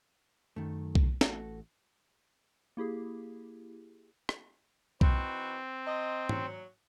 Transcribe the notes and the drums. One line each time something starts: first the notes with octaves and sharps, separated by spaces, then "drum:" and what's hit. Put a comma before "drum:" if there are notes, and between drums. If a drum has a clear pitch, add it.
F#2 D#3 A3
drum: kick B1
A1 A3 F#4 A4, drum: snare
A#3 E4 G4 G#4
drum: rim click
E3 C4 D#4 F#4, drum: kick B1
C3 D#5
A#2 F#3, drum: tom